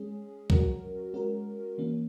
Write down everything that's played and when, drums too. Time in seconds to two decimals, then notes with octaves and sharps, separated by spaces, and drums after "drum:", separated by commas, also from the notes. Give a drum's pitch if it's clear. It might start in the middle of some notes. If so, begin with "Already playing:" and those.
Already playing: G#3 C#4 G#4
0.50 F#3 C#4 F#4 A#4, drum: kick C2
1.14 G#3 C#4 F#4 A#4
1.78 E3 A#3 C#4